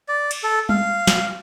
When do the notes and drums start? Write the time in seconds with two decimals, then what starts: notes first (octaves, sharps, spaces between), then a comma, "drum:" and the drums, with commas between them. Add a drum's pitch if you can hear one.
0.08 D5
0.31 drum: cymbal
0.43 A4
0.69 F5, drum: tom G3
1.07 drum: snare